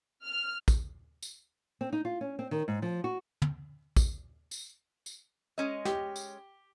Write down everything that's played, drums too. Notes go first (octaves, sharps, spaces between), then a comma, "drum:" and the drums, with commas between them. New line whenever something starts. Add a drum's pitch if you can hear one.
F6
drum: kick, tambourine
drum: tambourine
C4
D#4
F4
C#4
C4
D#3
G#2
F3
F#4
drum: tom
drum: kick, tambourine
drum: tambourine
drum: tambourine
G#3 C#4 D#5
G4, drum: snare
drum: tambourine